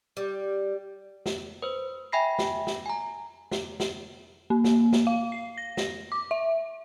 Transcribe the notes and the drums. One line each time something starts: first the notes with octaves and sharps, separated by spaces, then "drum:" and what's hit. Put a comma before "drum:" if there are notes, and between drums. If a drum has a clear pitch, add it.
G3
drum: snare
B4 C5
E5 G5 G#5 B5 A#6 C7
drum: snare
drum: snare
G#5 A#5
drum: snare
drum: snare
A#3
drum: snare
drum: snare
F5
C7
A#6
drum: snare
D6
E5